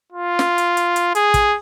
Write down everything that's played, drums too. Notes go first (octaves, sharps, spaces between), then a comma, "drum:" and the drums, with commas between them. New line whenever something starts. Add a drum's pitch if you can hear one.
F4
drum: snare
drum: hi-hat
drum: hi-hat
drum: hi-hat
G#4, drum: hi-hat
drum: kick, hi-hat